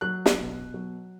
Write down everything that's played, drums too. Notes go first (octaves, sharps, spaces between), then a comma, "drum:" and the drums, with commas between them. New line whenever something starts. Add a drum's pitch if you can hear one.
F#3 F#6
drum: snare
B2
F#3